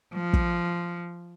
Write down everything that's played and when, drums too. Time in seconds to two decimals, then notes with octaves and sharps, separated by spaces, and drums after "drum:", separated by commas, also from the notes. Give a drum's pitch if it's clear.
0.14 F3
0.33 drum: kick